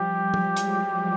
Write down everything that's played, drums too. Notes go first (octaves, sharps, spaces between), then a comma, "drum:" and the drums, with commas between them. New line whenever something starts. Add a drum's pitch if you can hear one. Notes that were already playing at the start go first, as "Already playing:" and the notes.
Already playing: F3 G3 G4
F3 G3
drum: tom
F#3 G#3, drum: hi-hat